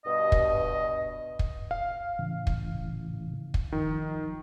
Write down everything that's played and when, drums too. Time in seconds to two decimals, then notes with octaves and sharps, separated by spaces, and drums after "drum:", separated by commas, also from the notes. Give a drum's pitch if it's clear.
0.05 G2 B2 D#5
0.32 drum: kick
1.39 drum: kick
1.71 F5
2.19 A2 C#3 E3
2.47 drum: kick
3.54 drum: kick
3.72 D#3 F3